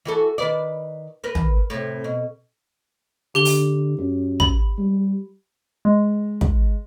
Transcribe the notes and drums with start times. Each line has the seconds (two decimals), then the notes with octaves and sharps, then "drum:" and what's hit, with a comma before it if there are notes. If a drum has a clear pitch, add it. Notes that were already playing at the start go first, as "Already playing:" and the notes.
0.05 E3 F#4 A4
0.38 D#3 B4 D5
1.24 A#4 B4
1.35 drum: tom
1.70 A2 C3
2.04 B2
3.35 D3 G4 G7
3.45 drum: open hi-hat
3.98 F#2
4.40 B5, drum: kick
4.78 G3
5.85 G#3
6.41 drum: kick